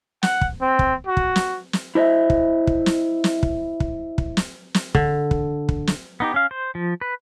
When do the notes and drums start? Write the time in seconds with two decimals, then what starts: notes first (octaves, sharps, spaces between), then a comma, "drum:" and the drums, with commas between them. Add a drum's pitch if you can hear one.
0.23 F#5, drum: snare
0.41 drum: kick
0.61 C4
0.79 drum: kick
1.07 F#4
1.17 drum: kick
1.36 drum: snare
1.73 drum: snare
1.95 E4 C5 D#5 E5
2.30 drum: kick
2.67 drum: kick
2.86 drum: snare
3.24 drum: snare
3.43 drum: kick
3.80 drum: kick
4.18 drum: kick
4.37 drum: snare
4.74 drum: snare
4.95 D3, drum: kick
5.31 drum: kick
5.69 drum: kick
5.87 drum: snare
6.20 B3 D#4 G4
6.34 C#4 F5
6.51 C5
6.75 F3
7.01 B4